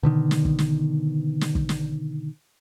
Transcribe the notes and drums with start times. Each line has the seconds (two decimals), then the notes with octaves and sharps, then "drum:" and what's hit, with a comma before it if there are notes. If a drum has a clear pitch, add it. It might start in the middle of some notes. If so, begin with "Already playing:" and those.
0.03 B2 D3 D#3
0.31 drum: snare
0.45 drum: kick
0.59 drum: snare
1.41 drum: snare
1.55 drum: kick
1.69 drum: snare